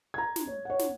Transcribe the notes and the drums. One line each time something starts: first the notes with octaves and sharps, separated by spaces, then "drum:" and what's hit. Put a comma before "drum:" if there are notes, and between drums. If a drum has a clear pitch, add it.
A#5 G#6
drum: snare
C#5
C#5 F#5
drum: snare